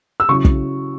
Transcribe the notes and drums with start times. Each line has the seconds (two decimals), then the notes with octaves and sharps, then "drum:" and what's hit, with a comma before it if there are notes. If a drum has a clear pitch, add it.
0.20 E6
0.29 C#3 F#3 E4 C#6
0.45 drum: kick